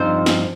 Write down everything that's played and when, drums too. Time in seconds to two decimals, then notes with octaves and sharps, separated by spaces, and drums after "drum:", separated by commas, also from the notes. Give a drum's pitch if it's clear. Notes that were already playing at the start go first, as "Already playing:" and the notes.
Already playing: G2 F3 C4 D#4 C5
0.26 drum: snare